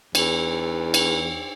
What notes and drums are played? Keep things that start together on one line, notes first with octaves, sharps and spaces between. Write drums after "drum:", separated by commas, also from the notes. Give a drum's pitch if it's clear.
E2, drum: cymbal
drum: cymbal